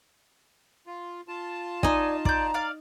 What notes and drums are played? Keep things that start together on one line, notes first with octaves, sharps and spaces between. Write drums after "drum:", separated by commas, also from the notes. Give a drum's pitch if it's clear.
F4
F4 A5
D#4 D5 D#5 G#5, drum: kick
D5 A#5 G6, drum: kick
D5 F5